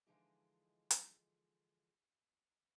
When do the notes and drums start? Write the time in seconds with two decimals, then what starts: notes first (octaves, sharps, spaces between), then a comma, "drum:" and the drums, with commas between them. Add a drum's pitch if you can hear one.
0.07 D3 E3 F3 G#3 D#4 G4
0.90 drum: hi-hat